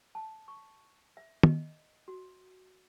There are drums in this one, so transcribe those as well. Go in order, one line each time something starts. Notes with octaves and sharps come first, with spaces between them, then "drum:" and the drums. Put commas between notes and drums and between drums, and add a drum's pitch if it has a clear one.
A5
C#6
E5
D#5, drum: tom
F#4